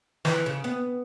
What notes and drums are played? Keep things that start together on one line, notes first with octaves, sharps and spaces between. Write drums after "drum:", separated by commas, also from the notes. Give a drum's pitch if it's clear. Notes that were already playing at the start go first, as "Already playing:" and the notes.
E3, drum: snare
C#3
B3